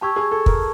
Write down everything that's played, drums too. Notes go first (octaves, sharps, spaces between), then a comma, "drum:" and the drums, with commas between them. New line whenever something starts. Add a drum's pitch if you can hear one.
G4 A5 C#6 E6 G#6
G#4
A4
A#4, drum: kick